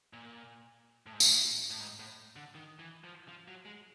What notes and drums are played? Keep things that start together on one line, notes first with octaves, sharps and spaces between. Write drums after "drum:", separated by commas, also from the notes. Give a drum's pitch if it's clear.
A#2
A2
G#2
A2, drum: tambourine
A2
G#2
A2
D3
D#3
E3
F3
F3
F#3
G#3